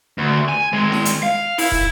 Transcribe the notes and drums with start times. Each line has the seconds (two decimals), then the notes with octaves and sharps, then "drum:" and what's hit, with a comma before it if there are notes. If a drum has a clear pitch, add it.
0.18 D2
0.49 G#5
0.73 D#3 G#3
0.92 drum: snare E4
1.05 drum: hi-hat
1.23 F5
1.58 E4, drum: open hi-hat
1.72 drum: kick